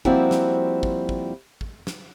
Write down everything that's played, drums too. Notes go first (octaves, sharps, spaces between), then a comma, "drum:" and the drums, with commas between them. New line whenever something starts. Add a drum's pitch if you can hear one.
F3 G3 A#3 C4 E4 F#4, drum: kick
drum: snare
drum: kick
drum: kick
drum: kick
drum: snare